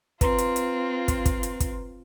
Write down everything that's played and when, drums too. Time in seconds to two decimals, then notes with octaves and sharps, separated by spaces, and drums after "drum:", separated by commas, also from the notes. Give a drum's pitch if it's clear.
0.21 C4 F4 B4 A#5 C6, drum: kick, hi-hat
0.38 drum: hi-hat
0.56 drum: hi-hat
1.08 drum: kick, hi-hat
1.26 drum: kick, hi-hat
1.43 drum: hi-hat
1.60 drum: kick, hi-hat